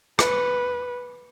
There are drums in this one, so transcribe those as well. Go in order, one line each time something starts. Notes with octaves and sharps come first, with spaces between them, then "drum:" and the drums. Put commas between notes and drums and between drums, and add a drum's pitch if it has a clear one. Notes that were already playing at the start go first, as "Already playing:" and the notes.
B4, drum: rim click